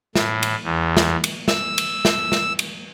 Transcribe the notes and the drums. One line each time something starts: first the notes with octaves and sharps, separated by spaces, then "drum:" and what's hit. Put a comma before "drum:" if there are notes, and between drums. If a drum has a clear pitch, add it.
A2, drum: snare
drum: cymbal
E2
drum: snare
drum: cymbal
E6, drum: snare
drum: cymbal
drum: snare
drum: snare
drum: cymbal